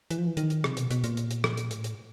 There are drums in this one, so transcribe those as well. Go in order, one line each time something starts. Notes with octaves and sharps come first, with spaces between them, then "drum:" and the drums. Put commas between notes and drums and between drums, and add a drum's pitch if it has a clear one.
E3, drum: hi-hat
F3
E3
D#3, drum: hi-hat
drum: hi-hat
C3, drum: rim click
B2, drum: hi-hat
B2, drum: hi-hat
A#2, drum: hi-hat
drum: hi-hat
drum: hi-hat
drum: rim click
drum: hi-hat
A2, drum: hi-hat
drum: hi-hat